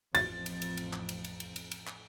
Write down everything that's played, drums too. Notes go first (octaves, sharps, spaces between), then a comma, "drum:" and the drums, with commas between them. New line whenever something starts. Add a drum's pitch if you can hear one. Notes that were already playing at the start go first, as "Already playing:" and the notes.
A1 F2 F3 A6, drum: cymbal
drum: cymbal
drum: cymbal
drum: cymbal
drum: clap
drum: cymbal
drum: cymbal
drum: cymbal
drum: cymbal
drum: cymbal
drum: clap